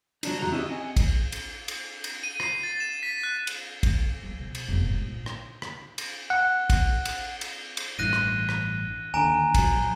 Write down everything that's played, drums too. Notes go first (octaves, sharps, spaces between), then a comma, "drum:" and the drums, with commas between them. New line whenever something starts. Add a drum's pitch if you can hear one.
F#3 D4 D#4, drum: cymbal
E2 E3 F#4 A#5
C#4 E4 F#4 G4 D#5
C4 D#5 F#5 G#5
drum: kick, cymbal
drum: cymbal
drum: cymbal
drum: cymbal
D#7
C7, drum: rim click
A6
E7
B6
F#6
drum: cymbal
drum: kick, cymbal
F3
B2
drum: cymbal
F1 B2
G#2
A#1
drum: rim click
drum: rim click
drum: cymbal
F#5
drum: kick, cymbal
drum: cymbal
drum: cymbal
drum: cymbal
A1 G2 E3 F#6 A#6 D#7
drum: rim click
drum: rim click
D#2 D3 G#5 A#5 D7
A#1 F#3, drum: kick, cymbal